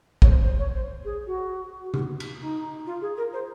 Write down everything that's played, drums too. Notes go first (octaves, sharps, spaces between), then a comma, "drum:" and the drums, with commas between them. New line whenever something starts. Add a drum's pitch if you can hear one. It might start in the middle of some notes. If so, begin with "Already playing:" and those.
C#5, drum: kick
C5
C5
C#5
C5
G#4
F#4
drum: tom C#3
drum: cymbal
D#4
F4
G#4
A#4
C5